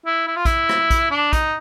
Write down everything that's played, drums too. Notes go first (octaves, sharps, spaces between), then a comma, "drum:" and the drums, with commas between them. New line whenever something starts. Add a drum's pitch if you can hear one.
E4
E4
F4
E4, drum: kick A#1, hi-hat
drum: rim click
drum: kick A#1, hi-hat
D4
D#4, drum: kick A#1, hi-hat